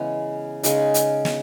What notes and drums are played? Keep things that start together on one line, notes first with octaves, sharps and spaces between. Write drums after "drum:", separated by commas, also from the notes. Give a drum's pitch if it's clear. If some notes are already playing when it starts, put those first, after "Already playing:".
Already playing: C#3 E3 G#3 B3
C#3 G#3 D#4, drum: hi-hat
drum: hi-hat
drum: snare